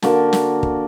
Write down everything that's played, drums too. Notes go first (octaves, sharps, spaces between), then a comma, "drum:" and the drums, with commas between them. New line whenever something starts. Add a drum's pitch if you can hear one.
D3 A#3 F#4 A5, drum: snare
drum: snare
drum: kick